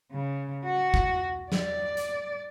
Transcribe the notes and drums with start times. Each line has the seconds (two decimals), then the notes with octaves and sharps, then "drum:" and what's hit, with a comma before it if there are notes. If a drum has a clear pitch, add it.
0.12 C#3
0.65 F#4
0.94 drum: kick
1.52 D5, drum: snare
1.97 drum: hi-hat